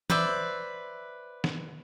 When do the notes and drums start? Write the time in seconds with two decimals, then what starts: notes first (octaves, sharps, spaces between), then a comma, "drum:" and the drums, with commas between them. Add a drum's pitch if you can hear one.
0.10 B4 C5 D5 E5, drum: tom E3
1.44 drum: snare